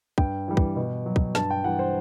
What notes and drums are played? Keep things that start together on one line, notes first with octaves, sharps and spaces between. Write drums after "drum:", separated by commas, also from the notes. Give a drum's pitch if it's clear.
G2 G5, drum: kick
E3 G3
drum: kick
B2
F#3
drum: kick
G2 A5, drum: snare
G5
E3 G3 F#5
C5